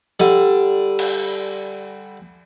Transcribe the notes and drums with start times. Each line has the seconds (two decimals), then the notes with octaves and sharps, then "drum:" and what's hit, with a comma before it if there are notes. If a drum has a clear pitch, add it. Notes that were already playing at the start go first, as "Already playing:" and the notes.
0.20 D3 G3, drum: hi-hat
0.99 drum: cymbal